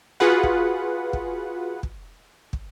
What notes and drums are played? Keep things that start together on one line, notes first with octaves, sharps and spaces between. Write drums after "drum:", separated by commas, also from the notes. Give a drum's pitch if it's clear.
F4 F#4 G#4 B4 F#5
drum: kick
drum: kick
drum: kick
drum: kick